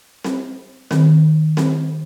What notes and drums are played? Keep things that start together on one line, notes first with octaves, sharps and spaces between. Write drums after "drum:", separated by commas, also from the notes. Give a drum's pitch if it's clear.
drum: snare C4
D#3, drum: snare C4
drum: snare C4